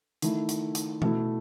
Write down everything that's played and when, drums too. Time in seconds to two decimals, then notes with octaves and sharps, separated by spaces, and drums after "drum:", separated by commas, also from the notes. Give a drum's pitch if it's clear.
0.22 D#3 A3 E4, drum: hi-hat
0.49 drum: hi-hat
0.75 drum: hi-hat
1.02 B2 A3 E4, drum: tom E3